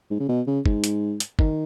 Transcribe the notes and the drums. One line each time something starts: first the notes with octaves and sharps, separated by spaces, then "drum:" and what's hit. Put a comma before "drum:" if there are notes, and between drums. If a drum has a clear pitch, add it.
G#2
C#3
B2
C#3
G#2, drum: kick
drum: hi-hat
drum: hi-hat
D#3, drum: kick